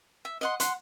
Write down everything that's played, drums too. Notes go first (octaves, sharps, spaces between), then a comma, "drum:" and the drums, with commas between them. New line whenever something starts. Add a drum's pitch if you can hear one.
E5
D#5 F#5 C6
F#5 C6, drum: hi-hat